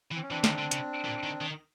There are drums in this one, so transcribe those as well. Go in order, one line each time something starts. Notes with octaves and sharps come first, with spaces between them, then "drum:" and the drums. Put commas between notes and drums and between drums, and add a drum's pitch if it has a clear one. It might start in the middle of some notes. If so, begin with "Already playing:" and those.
E3
C4
C#4
E3 C4 D4
D#3, drum: snare
D3
C#3, drum: hi-hat
A#2
D#3
D#3